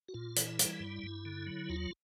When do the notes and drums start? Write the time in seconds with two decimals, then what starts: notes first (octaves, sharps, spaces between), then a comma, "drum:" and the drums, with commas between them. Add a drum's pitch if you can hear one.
0.08 F#4
0.14 A#2 F4
0.36 E3 E4, drum: hi-hat
0.59 G3, drum: hi-hat
0.80 G2
1.03 G2
1.25 D3
1.46 F#3
1.69 D#2 F4